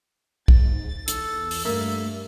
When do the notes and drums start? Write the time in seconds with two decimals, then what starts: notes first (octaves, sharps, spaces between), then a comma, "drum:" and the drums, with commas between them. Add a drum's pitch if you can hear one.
0.48 G#2 A6, drum: kick
1.08 E2 A4, drum: hi-hat
1.51 drum: open hi-hat
1.65 G2 A3 A#3 E5